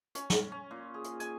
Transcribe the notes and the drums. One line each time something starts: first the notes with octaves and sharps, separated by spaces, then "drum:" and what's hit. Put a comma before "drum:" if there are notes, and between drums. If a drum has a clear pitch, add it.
C#4, drum: hi-hat
drum: snare
C#4
A#2
G#4
drum: hi-hat
G#5, drum: hi-hat